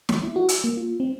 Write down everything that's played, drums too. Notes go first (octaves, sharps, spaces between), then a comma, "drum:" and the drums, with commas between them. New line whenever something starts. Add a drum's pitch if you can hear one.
drum: snare
E4
F#4
E6, drum: hi-hat
A#3
F4
C4